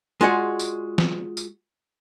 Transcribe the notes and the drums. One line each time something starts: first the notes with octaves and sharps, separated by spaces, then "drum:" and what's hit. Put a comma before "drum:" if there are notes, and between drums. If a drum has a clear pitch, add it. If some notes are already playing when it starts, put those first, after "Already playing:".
G#3 F4 F#4 G#4 D5 F#5
drum: tambourine
drum: snare
drum: tambourine